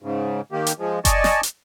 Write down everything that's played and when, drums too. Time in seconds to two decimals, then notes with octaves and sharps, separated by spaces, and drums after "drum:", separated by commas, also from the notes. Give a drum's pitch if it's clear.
0.02 G#2 C#3
0.52 D#3 A#3 G4
0.67 drum: hi-hat
0.79 F3 G#3
1.05 D5 D#5 G#5 A5 C#6, drum: kick F#1, hi-hat
1.24 drum: snare
1.43 drum: hi-hat